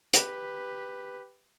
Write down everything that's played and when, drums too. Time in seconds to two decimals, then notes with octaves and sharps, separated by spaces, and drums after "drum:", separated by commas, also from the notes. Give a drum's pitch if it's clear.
0.13 G4 B4, drum: hi-hat